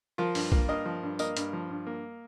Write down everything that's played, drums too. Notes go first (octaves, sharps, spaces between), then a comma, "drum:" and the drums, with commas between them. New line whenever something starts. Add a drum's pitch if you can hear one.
F3 F4 A#4
G2, drum: open hi-hat
A#3, drum: kick B1
G2 A#4 D#5
F3
G2
A#3 A#4 D#5, drum: tambourine
G2, drum: hi-hat
F3
G2
A#3